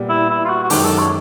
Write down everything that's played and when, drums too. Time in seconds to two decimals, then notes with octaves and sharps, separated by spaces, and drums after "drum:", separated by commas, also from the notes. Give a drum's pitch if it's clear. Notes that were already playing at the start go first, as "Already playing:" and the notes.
Already playing: A#2 G3 B3
0.09 E4
0.30 E4
0.45 F4
0.49 F#4
0.63 F#4
0.70 F#2 D#3 G#3 G4, drum: open hi-hat
0.84 A4
0.99 C#5